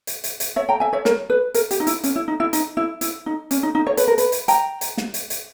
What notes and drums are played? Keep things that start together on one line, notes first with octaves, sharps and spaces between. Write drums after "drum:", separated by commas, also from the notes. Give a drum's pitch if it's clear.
drum: hi-hat
drum: hi-hat
drum: hi-hat
C#5 E5
G5 A#5
E5 G#5
C#5 E5
A#4 C#5, drum: snare
B4
A#4, drum: hi-hat
G4, drum: hi-hat
D#4
E4, drum: hi-hat
C#4, drum: hi-hat
E4
D#4
E4
D#4, drum: hi-hat
E4
E4, drum: hi-hat
D#4
C#4, drum: hi-hat
D#4
D#4
C#5
B4, drum: hi-hat
A#4
B4, drum: hi-hat
drum: hi-hat
G5 A#5, drum: hi-hat
drum: hi-hat
drum: snare
drum: hi-hat
drum: hi-hat